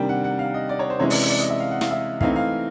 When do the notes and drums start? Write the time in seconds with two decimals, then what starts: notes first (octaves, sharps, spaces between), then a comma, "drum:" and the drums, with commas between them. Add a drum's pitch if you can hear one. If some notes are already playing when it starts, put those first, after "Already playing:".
Already playing: C3 D#3 G3 A#3 D4 G5
0.09 F#5
0.24 F#5
0.39 F5
0.54 D#5
0.69 D5
0.79 C#5
0.90 C5
0.99 C3 E3 G#3 C#4 E4 C#5
1.10 D5, drum: open hi-hat
1.30 D5
1.41 D#5
1.50 E5
1.60 F5
1.71 F#5
1.81 F5, drum: snare
1.91 E5
2.21 E3 A3 C4 D#4 F5, drum: kick
2.36 F5